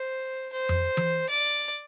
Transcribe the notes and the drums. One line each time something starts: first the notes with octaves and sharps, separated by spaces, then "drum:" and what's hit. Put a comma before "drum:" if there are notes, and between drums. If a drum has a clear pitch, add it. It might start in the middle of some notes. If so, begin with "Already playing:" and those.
Already playing: C5
C5
drum: tom F2
drum: tom E3
D5